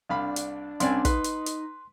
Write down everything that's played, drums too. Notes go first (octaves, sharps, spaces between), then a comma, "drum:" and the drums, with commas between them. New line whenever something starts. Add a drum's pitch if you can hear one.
C2 D4 F5 B5
drum: hi-hat
C2 C4 C#4 D5 G#5 C6, drum: hi-hat
D#4 B4 C6, drum: kick, hi-hat
drum: hi-hat
drum: hi-hat